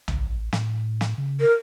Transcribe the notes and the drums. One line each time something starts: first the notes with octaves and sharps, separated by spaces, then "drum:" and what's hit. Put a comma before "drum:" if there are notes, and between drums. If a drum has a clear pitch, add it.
A1, drum: tom C2
A2, drum: snare
drum: snare
C#3
A#4